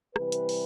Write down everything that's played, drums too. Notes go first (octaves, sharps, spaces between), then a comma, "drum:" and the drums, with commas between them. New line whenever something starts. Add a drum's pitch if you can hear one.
C3 E3 G3 B4, drum: rim click
drum: hi-hat
drum: open hi-hat